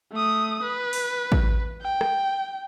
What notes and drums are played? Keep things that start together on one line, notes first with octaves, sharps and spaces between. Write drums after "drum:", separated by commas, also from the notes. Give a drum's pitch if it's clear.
A3 D#6
B4
drum: open hi-hat
drum: kick
G5
drum: rim click